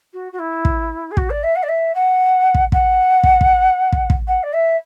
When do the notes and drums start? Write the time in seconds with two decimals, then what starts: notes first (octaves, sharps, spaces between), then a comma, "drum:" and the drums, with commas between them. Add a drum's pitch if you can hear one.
0.13 F#4
0.32 F#4
0.39 E4
0.65 drum: kick
1.11 G#4
1.17 F#4, drum: kick
1.30 D5
1.43 E5
1.55 F#5
1.63 D5
1.68 E5
1.94 F#5
2.55 drum: kick
2.72 F#5, drum: kick
3.24 drum: kick
3.41 drum: kick
3.93 drum: kick
4.10 drum: kick
4.27 F#5
4.43 D5
4.53 E5